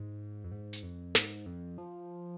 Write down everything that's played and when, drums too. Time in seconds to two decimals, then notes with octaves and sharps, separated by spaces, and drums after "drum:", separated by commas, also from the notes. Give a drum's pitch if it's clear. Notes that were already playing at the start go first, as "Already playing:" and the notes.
Already playing: G#2
0.44 F2
0.51 G#2
0.73 drum: hi-hat
0.83 F2
1.15 G#2, drum: snare
1.46 F2
1.78 F3